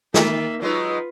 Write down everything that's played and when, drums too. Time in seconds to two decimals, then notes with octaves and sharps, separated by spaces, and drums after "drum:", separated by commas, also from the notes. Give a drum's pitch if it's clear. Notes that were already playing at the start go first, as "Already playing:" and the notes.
0.14 D#3 A#3 E5, drum: snare
0.62 F#3 G#3 D#4 F4 B4